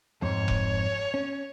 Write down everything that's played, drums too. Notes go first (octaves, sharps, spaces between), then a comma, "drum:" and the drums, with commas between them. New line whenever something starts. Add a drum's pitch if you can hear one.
F2 G#2 C#5
drum: kick F1
C#4